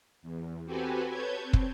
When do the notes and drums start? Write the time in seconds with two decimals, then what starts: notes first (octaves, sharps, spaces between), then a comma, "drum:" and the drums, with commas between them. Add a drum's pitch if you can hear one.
0.22 E2
0.65 C4 F#4 G4 A4 B4 G#5
1.10 B4 C#5 A5 G6 G#6
1.43 C4
1.53 drum: kick